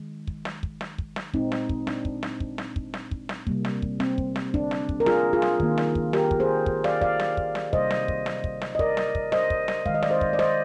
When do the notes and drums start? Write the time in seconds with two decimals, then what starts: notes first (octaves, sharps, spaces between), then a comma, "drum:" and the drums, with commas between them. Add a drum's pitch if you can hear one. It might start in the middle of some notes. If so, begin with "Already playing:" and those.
Already playing: D#3 G#3
0.27 drum: kick
0.45 drum: snare
0.63 drum: kick
0.81 drum: snare
0.98 drum: kick
1.16 drum: snare
1.34 A#2 G#3 C4 D#4, drum: kick
1.52 drum: snare
1.69 drum: kick
1.87 D4, drum: snare
2.05 drum: kick
2.23 drum: snare
2.40 drum: kick
2.58 drum: snare
2.76 drum: kick
2.94 drum: snare
3.11 drum: kick
3.29 drum: snare
3.47 C3 G3 A#3, drum: kick
3.65 drum: snare
3.82 drum: kick
4.00 C4, drum: snare
4.18 drum: kick
4.36 drum: snare
4.54 D4, drum: kick
4.71 drum: snare
4.89 drum: kick
5.00 A#4
5.06 F4 G#4, drum: snare
5.33 F4 G#4
5.42 drum: snare
5.60 D#3 A#3, drum: kick
5.78 drum: snare
5.95 drum: kick
6.13 G4 A#4, drum: snare
6.31 drum: kick
6.40 G#4 C5
6.66 drum: kick
6.84 D5 F5, drum: snare
7.01 D5 F5, drum: kick
7.20 drum: snare
7.37 drum: kick
7.55 drum: snare
7.73 C3 G3 A#3 C5 D#5, drum: kick
7.91 drum: snare
8.08 drum: kick
8.26 drum: snare
8.44 drum: kick
8.62 drum: snare
8.75 D#5
8.79 A#4 D5, drum: kick
8.97 drum: snare
9.15 drum: kick
9.32 C5 D#5, drum: snare
9.50 drum: kick
9.68 drum: snare
9.86 D#3 G#3 F5, drum: kick
9.94 D#5
10.03 D5, drum: snare
10.10 C5 D#5
10.21 drum: kick
10.33 D5
10.39 C5 D#5, drum: snare